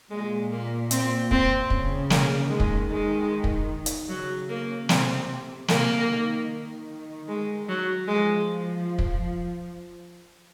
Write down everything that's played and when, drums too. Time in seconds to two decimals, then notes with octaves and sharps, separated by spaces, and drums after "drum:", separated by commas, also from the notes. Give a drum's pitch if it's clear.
0.10 A#2 G#3
0.51 A#3
0.91 C4, drum: hi-hat
1.31 C4, drum: kick
1.70 C#3, drum: kick
2.10 A#3, drum: snare
2.50 D#3 G#3
2.60 drum: kick
2.90 G#3
3.44 drum: kick
3.86 drum: hi-hat
4.09 C#3 F#3
4.49 A#3
4.89 C3 C4, drum: snare
5.68 C3 A#3, drum: snare
6.08 D#3
6.48 D#3
7.28 G#3
7.68 F#3
8.07 F3 G#3
8.99 drum: kick